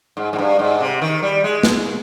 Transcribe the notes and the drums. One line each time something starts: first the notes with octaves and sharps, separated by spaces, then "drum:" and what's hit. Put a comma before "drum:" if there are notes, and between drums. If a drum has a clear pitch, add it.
G#2
G#2
G2
G#2
C3
D#3
G3
G#3
drum: snare